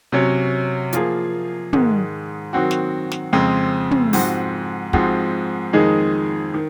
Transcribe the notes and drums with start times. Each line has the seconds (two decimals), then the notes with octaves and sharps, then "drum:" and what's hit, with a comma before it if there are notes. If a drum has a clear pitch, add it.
0.12 C3 F#3 C#4
0.93 F3 A#3 F4 G#4, drum: hi-hat
1.73 G#2 D#3 G#3, drum: tom
2.53 D#3 F#3 C4 F#4
2.71 drum: snare
3.12 drum: snare
3.33 F2 C#3 G#3 C4
3.91 drum: tom
4.13 G#2 F3 C4 F#4, drum: open hi-hat
4.93 G#2 F3 G#3 C4 F#4, drum: kick
5.73 F2 D#3 G#3 D#4 G#4
6.54 D#3